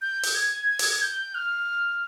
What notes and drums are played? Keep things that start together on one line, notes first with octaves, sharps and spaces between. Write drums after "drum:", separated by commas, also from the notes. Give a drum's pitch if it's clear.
G6
drum: open hi-hat
G#6
drum: open hi-hat
G6
F6